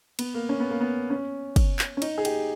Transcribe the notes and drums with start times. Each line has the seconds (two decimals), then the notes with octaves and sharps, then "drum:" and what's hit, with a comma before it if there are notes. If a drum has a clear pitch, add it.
0.19 B3, drum: cymbal
0.34 A#3
0.49 C#4
0.60 B3
0.70 A#3
0.81 B3
1.10 C#4
1.56 drum: kick, cymbal
1.79 drum: clap
1.97 C#4
2.02 D#4, drum: cymbal
2.18 G#4
2.25 G4, drum: cymbal